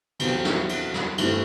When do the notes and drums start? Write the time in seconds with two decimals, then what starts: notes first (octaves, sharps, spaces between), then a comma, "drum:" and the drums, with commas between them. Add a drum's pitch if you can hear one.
0.20 E2 B2 F#3 C4 G4, drum: cymbal
0.32 F#4
0.45 E4, drum: snare
0.57 F#4
0.69 drum: cymbal
0.94 drum: snare
1.18 G1 G2 E3 A3 C4 E4, drum: cymbal